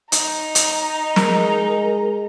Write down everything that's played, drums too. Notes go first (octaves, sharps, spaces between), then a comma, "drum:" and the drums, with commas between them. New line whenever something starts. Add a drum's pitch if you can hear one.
D#4 A#5, drum: hi-hat
drum: hi-hat
G#3 A#4, drum: snare